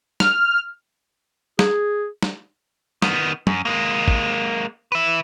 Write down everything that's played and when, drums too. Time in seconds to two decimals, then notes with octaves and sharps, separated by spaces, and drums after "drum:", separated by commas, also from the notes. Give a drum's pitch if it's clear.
0.20 F6, drum: snare
1.59 G#4, drum: snare
2.23 drum: snare
3.02 D#3 B3, drum: snare
3.47 F#2, drum: tom
3.65 G#3 A#3
4.08 drum: kick A1
4.92 B4 E5